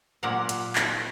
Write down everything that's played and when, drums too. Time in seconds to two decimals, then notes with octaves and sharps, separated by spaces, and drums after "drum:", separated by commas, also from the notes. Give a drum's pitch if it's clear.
0.23 A#2 F#3 G4 A#4 F5 F#5
0.49 drum: hi-hat
0.76 drum: clap